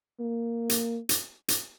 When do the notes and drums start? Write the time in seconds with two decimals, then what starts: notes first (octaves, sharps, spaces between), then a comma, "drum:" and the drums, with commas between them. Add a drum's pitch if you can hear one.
0.20 A#3
0.69 drum: hi-hat
1.09 drum: hi-hat
1.48 drum: hi-hat